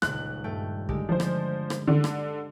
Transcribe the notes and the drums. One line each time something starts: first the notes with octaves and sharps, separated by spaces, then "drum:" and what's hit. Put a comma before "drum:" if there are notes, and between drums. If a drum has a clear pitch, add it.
D#1 C#2 F#6, drum: rim click
G2 A3 G5
D3 G#3 G4, drum: kick
F3 C5
drum: rim click
drum: rim click
D3
drum: rim click